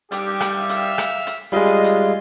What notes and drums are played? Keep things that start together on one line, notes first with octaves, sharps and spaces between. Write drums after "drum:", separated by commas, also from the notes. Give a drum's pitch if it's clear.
G3 G4, drum: hi-hat
drum: rim click
E5 F5
drum: hi-hat
drum: rim click
drum: hi-hat
G3 G#3 F4 D#5
drum: hi-hat